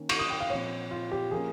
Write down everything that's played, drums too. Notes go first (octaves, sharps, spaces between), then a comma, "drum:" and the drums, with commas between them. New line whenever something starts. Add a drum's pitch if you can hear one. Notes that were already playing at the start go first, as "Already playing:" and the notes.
Already playing: D#3 A#3 C#4
C#6, drum: cymbal
D#6
G5
F5
A#2 F3 C4 C#5
F4
G4
F3 A#3 C#4 G#4